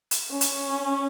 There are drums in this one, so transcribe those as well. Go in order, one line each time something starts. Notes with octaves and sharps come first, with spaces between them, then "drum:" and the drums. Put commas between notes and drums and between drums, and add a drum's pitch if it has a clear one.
drum: hi-hat
C#4
drum: hi-hat